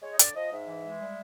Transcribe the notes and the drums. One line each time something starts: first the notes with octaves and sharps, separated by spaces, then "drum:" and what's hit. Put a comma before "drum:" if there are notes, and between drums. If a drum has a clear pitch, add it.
G#3 C#5
D#5
D3 D5, drum: hi-hat
F3 D#5
G#2 E5
E3
G#3
G3